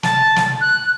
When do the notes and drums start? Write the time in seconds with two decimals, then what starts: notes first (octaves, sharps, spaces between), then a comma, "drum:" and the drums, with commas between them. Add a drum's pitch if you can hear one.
0.03 A5, drum: snare
0.36 drum: snare
0.61 F#6